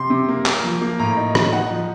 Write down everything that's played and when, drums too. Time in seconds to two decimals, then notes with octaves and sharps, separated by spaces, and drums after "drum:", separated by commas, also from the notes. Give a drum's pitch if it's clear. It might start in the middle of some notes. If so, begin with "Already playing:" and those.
Already playing: C3 C6
0.10 C3
0.29 A#3
0.46 A#3, drum: clap
0.64 F3
0.82 A#3
0.99 A2 A#5
1.17 D#4
1.35 D#4, drum: rim click
1.53 D#4 F#5
1.71 F3